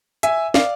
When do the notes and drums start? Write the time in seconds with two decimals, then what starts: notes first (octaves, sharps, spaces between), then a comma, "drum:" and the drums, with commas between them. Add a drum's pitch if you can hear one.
0.23 E5 G#5, drum: hi-hat
0.54 D5 F5, drum: snare